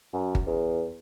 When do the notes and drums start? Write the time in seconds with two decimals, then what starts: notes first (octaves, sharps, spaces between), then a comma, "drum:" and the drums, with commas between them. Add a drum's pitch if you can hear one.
0.13 F#2
0.35 drum: kick G1
0.46 E2